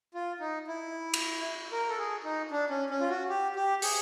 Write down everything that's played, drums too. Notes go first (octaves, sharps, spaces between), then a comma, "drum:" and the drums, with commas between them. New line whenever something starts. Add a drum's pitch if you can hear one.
F4
D#4
E4
drum: cymbal
A#4
A4
G#4
D#4
D4
C#4
C#4
F4
F#4
G4
G4
G#4, drum: open hi-hat